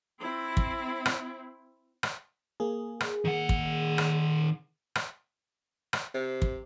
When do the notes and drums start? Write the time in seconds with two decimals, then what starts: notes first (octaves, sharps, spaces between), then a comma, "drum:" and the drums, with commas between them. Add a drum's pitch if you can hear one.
0.20 C4 E4
0.57 drum: kick
1.06 drum: rim click
2.03 drum: rim click
2.60 A#3 G#4
3.00 drum: rim click
3.25 D#3 F#5
3.49 drum: kick
3.98 drum: rim click
4.95 drum: rim click
5.93 drum: rim click
6.14 C3
6.42 drum: kick